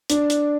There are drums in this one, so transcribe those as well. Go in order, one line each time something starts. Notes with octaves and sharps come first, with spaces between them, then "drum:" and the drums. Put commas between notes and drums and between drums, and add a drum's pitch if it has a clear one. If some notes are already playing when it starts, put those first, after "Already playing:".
D4, drum: hi-hat
drum: hi-hat